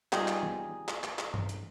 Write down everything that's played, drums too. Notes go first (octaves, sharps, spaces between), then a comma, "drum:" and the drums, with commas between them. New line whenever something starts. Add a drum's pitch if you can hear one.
G3 D#4 F4 G4 G#4 D#5, drum: clap
drum: clap
drum: tom D#3
drum: clap
drum: clap
drum: clap
drum: tom
drum: hi-hat